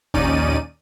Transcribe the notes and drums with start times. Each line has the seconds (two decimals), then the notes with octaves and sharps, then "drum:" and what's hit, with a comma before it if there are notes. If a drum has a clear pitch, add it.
0.14 A#1 D#2 C#4 D#4 D5 D#7, drum: kick